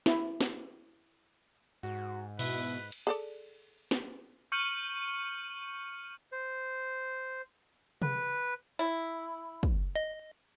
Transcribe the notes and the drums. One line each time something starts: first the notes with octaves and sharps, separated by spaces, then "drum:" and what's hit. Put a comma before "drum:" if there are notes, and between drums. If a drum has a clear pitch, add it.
E4, drum: snare
drum: snare
G#2 F#4
B2 E4 B4, drum: cymbal
drum: cymbal
G#4 A4 D5
drum: snare
C#6 F6 G6 C#7 D#7 F#7
C5
B4, drum: tom C3
E4
drum: kick
D#5